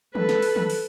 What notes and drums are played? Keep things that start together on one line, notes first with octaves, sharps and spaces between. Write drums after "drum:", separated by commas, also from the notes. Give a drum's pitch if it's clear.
A4 B4, drum: tom D#3
drum: snare
drum: open hi-hat
drum: tom D#3
drum: open hi-hat